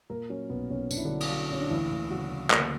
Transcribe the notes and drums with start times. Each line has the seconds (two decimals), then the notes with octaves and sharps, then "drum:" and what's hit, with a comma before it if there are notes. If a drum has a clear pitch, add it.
0.10 A#2 A#3 A#4
0.29 F#3 C#4
0.50 B1 B3
0.71 B1 C#4
0.91 B1 D4, drum: tambourine
0.97 E4
1.05 D3 D4
1.11 F#3
1.20 drum: cymbal
1.31 F#3
1.50 A#2 C#4
1.61 D4
1.70 D2 E3 E4
1.91 D2
2.10 C#3 F#3 F#4
2.31 C#3
2.51 D2 A#3 A#4, drum: clap